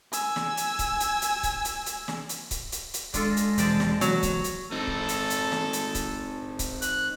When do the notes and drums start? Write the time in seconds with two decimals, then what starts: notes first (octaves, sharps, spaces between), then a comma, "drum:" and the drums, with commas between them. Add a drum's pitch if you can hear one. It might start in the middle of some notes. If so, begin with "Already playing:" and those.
0.13 G#5 E6, drum: hi-hat
0.36 drum: snare
0.57 drum: hi-hat
0.79 drum: kick C#1, hi-hat
1.00 drum: hi-hat
1.22 drum: hi-hat
1.43 drum: kick C#1, hi-hat
1.65 drum: hi-hat
1.86 drum: hi-hat
2.08 drum: snare
2.29 drum: hi-hat
2.51 drum: kick C#1, hi-hat
2.72 drum: hi-hat
2.94 drum: hi-hat
3.14 G#3 D4 F4 A4, drum: kick C#1, hi-hat
3.37 drum: hi-hat
3.58 E1 C3 E3 F3 D5 A5, drum: hi-hat
3.80 drum: snare
4.01 E3 F#3 A#3 B3, drum: hi-hat
4.23 drum: kick C#1, hi-hat
4.44 drum: hi-hat
4.72 C4 D#4 A4
4.87 drum: kick C#1
5.09 drum: hi-hat
5.30 drum: hi-hat
5.52 drum: snare
5.73 drum: hi-hat
5.95 drum: kick C#1, hi-hat
6.59 drum: kick C#1, hi-hat
6.82 F#6, drum: hi-hat